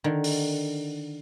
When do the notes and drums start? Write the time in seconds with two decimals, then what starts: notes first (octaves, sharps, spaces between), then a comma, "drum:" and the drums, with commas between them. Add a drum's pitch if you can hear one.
0.04 D3 D#3
0.24 drum: open hi-hat